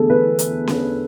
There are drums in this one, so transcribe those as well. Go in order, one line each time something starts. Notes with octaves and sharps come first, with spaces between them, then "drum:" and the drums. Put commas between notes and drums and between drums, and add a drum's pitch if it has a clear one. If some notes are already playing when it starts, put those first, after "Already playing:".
Already playing: E2 D3 A3 G#4 A4
B4
drum: hi-hat
drum: snare C#4